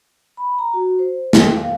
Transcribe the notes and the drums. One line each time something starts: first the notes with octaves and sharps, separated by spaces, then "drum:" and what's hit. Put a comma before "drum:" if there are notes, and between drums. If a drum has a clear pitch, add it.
B5
A#5
F#4
C5
G5, drum: snare
F5